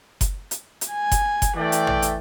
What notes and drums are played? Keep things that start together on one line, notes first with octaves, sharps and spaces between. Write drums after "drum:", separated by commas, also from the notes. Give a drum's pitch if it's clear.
drum: kick F#1, hi-hat
drum: hi-hat
drum: hi-hat
G#5
drum: kick F#1, hi-hat
drum: kick F#1, hi-hat
E3 A3 D5 G5
drum: hi-hat
drum: tom
drum: hi-hat